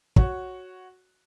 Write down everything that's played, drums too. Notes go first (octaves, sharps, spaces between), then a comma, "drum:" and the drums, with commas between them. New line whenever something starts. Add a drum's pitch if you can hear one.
F#4 C#5, drum: kick